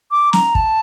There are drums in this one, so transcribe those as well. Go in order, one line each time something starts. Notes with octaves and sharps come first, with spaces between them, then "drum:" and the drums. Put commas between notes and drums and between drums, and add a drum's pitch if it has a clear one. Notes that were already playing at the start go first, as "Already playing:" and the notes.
D6
A#5, drum: snare
A5, drum: kick